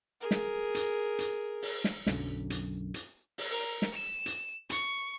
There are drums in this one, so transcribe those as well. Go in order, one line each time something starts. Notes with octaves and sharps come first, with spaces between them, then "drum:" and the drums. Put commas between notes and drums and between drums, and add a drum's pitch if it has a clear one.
G#4 A#4
drum: snare
drum: hi-hat
drum: hi-hat
drum: open hi-hat
drum: snare
B1 F#2 D3, drum: snare
drum: hi-hat
drum: hi-hat
drum: open hi-hat
A#4
drum: snare
E7
drum: hi-hat
C#6, drum: hi-hat